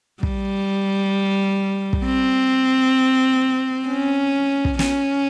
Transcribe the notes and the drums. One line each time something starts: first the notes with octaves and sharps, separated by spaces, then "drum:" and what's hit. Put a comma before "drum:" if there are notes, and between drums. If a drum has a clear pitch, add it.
G3, drum: kick
drum: kick
C4
C#4
drum: kick
C#4, drum: snare